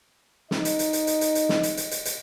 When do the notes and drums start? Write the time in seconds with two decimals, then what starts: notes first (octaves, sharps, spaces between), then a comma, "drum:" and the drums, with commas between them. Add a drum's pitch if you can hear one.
0.51 D#4 D#5, drum: snare
0.65 drum: hi-hat
0.79 drum: hi-hat
0.93 drum: hi-hat
1.07 drum: hi-hat
1.21 drum: hi-hat
1.35 drum: hi-hat
1.49 drum: snare
1.63 drum: hi-hat
1.77 drum: hi-hat
1.91 drum: hi-hat
2.05 drum: hi-hat